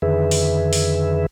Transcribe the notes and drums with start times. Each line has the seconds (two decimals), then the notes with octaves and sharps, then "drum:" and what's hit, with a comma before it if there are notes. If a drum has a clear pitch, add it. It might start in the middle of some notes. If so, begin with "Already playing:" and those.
0.02 F2 D3 D#3 G#4 B4 E5
0.31 drum: open hi-hat
0.73 drum: open hi-hat